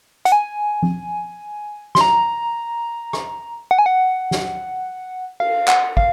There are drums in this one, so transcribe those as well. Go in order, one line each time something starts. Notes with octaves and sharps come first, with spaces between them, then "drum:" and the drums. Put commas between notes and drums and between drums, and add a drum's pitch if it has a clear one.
F#5, drum: hi-hat
G#5
drum: tom F3
C6, drum: snare
A#5
drum: rim click
F#5
G#5
F#5
drum: snare
F5, drum: cymbal
F#5, drum: clap
F5, drum: kick